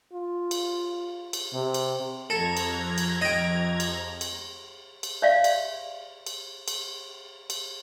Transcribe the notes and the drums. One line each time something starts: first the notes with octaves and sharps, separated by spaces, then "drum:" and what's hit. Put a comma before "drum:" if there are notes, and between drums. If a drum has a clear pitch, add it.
F4
drum: cymbal
drum: cymbal
C3
drum: cymbal
F2 A4 A#5 G#6
drum: cymbal
drum: cymbal
D#5 G5
drum: cymbal
drum: cymbal
drum: cymbal
C#5 D5 E5 F5
drum: cymbal
drum: cymbal
drum: cymbal
drum: cymbal